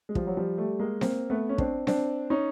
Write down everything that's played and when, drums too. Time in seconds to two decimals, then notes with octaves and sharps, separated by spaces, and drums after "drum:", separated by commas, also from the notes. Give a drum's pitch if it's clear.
0.09 G#3
0.15 F3 G3, drum: kick
0.27 F#3
0.37 F3 G3
0.58 G3 A3
0.80 G#3 A#3
1.01 A#3 C4, drum: snare C4
1.30 A3 B3
1.49 C#4
1.58 C4 D4, drum: kick
1.87 C4 D4, drum: snare C4
2.30 C#4 D#4